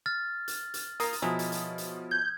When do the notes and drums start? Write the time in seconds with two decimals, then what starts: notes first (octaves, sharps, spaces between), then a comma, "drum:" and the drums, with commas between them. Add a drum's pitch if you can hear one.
0.06 F6 A6
0.48 drum: hi-hat
0.74 drum: hi-hat
1.00 A#3 F4 A#5 D#6, drum: hi-hat
1.13 drum: hi-hat
1.22 B2 F3 F#3 G#3 E4
1.39 drum: hi-hat
1.52 drum: hi-hat
1.78 drum: hi-hat
2.11 G6 G#6